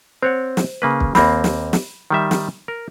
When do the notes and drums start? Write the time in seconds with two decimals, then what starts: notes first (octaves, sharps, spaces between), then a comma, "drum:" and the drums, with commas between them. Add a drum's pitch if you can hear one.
0.23 C4 C5 C#5 F#5
0.57 drum: snare
0.82 C#3 A#3 B4
1.00 drum: kick
1.15 D#2 A#3 C4 B5, drum: snare
1.44 drum: snare
1.73 drum: snare
2.10 D#3 G3 E5
2.31 drum: snare
2.68 A#4